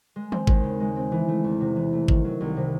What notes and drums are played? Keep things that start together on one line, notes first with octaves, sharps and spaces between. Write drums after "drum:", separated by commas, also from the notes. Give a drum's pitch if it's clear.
G#3
C4, drum: tom
D#2, drum: kick G#1
C#3
G#3
C4
E3
A3
E2
C3
E3
A3
D#3, drum: kick G#1
F#3
C2
C3